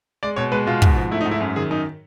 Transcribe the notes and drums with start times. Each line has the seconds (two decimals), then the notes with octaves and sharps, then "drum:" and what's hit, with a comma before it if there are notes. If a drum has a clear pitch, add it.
0.23 G#3 D5
0.36 B2 C#5
0.52 G#3 B4
0.67 B2 F4
0.82 G#2, drum: kick
0.96 F3
1.11 A3 E4
1.21 D#4
1.26 G#2
1.31 E4
1.41 F#2
1.56 D#3 G#4
1.71 F#2 D#4